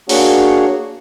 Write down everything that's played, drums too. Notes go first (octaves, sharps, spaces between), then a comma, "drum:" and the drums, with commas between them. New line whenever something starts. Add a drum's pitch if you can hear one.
A#3 D4 F#4 G#4 C#5 F#5, drum: open hi-hat